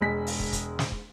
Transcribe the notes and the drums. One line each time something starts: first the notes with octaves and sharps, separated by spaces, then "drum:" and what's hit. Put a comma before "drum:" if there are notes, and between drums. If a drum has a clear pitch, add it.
E1 G#3 B6
drum: open hi-hat
drum: kick
drum: kick, hi-hat
drum: snare
drum: kick